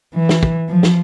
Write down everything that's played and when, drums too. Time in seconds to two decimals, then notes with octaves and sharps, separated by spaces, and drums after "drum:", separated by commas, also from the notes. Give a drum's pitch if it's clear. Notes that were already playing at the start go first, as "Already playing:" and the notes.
0.15 E3
0.29 drum: snare
0.43 drum: kick
0.70 F3
0.83 drum: snare